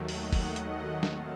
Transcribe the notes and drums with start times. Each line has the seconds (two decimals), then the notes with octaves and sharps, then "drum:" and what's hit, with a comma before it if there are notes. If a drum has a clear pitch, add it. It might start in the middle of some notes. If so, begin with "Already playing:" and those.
Already playing: D#2 D#3 F#3 A3
0.09 D#5 F#5, drum: open hi-hat
0.33 drum: kick F#1, open hi-hat
0.56 drum: hi-hat
1.03 A2 F#3 C4 F5 A5, drum: snare